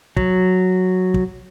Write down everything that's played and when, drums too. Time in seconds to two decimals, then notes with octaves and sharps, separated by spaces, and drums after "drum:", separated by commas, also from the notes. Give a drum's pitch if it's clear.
0.17 F#3, drum: kick
1.14 drum: kick